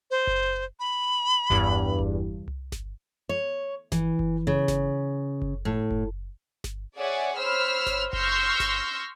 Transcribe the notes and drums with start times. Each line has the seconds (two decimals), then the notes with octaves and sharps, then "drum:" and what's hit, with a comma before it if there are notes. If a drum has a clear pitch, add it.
0.11 C5
0.27 drum: kick F#1
0.80 B5
1.50 E2 G2, drum: kick F#1
1.99 drum: kick F#1
2.48 drum: tom C2
2.72 drum: snare G1
3.29 C#5
3.92 E3, drum: snare G1
4.19 drum: kick F#1
4.47 C#3
4.68 drum: snare G1
5.42 drum: kick F#1
5.65 A2
5.91 drum: kick F#1
6.64 drum: snare G1
6.97 G#4 C#5 D5 E5 F#5 G#5
7.38 C5 C#5 B5 E6 F6
7.87 drum: snare G1
8.13 C6 C#6 E6 F6 G6 A#6, drum: kick F#1
8.60 drum: snare G1